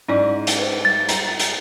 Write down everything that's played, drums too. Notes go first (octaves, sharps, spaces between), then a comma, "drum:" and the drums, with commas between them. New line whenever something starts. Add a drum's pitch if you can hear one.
G#2 C#4 E4 D5
drum: hi-hat
B4 C5
G3 A6
A#5, drum: hi-hat
drum: hi-hat